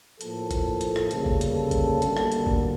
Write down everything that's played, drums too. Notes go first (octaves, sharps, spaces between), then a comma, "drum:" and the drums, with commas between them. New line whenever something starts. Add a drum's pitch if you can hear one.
A2 F3 A#3 A4, drum: hi-hat
drum: kick G1, hi-hat
drum: hi-hat
drum: rim click
D2 C#3 G3 A#3 A4, drum: hi-hat
drum: kick G1
drum: hi-hat
A4
drum: kick G1, hi-hat
D2 D3 G3 A#3, drum: hi-hat
drum: rim click
drum: hi-hat
drum: kick G1